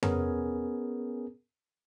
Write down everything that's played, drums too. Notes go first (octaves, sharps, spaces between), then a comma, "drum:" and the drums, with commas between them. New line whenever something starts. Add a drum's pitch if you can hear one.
B3 C#4 G#4 A#4, drum: tom F2